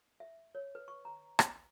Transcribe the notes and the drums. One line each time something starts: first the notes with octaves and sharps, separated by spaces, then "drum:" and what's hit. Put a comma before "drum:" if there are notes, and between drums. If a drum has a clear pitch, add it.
E5
C#5
B4
C#6
A#5
drum: rim click